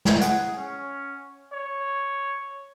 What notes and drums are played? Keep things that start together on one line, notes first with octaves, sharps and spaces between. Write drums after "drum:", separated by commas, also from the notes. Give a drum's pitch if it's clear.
drum: snare
G#4 F#5, drum: hi-hat
C#4
C#5